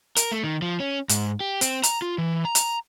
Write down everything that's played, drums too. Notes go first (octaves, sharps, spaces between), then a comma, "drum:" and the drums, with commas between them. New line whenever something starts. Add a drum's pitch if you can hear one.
A#4, drum: hi-hat
A3
D#3
F3
C#4
G#2, drum: hi-hat
G4
C4, drum: hi-hat
A#5, drum: hi-hat
F4
E3
A#5
drum: hi-hat